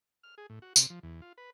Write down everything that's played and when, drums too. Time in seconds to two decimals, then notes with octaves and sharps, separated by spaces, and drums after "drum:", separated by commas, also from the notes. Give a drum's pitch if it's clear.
0.23 F6
0.38 G#4
0.50 A2
0.62 F#4
0.76 C3, drum: tambourine
0.90 F3
1.03 E2
1.22 F4
1.38 B4